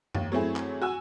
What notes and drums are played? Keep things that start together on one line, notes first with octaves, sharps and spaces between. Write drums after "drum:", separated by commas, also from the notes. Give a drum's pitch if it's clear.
D#2, drum: tom F#2
F#3 A3 C4 E4 G#4
drum: clap
F#4 G#5 E6